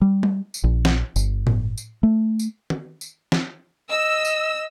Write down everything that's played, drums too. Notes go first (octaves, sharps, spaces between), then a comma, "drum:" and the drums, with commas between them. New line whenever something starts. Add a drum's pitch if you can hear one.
G3
drum: tom G3
drum: tambourine
A#1
drum: snare
G1, drum: tambourine
drum: tom A2
drum: tambourine
A3
drum: tambourine
drum: tom D#3
drum: tambourine
drum: snare
D#5 E6
drum: tambourine